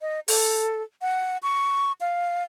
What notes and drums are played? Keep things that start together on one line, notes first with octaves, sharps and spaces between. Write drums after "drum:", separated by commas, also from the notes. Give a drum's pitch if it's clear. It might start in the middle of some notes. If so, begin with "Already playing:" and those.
D#5
A4, drum: open hi-hat
F#5
C#6
F5